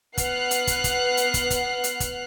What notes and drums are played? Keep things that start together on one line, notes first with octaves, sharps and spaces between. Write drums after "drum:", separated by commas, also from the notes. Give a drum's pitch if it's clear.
B3 F#5 F6 F#6 C7, drum: kick, hi-hat
drum: hi-hat
drum: kick, hi-hat
drum: kick, hi-hat
drum: hi-hat
drum: kick, hi-hat
drum: kick, hi-hat
drum: hi-hat
drum: kick, hi-hat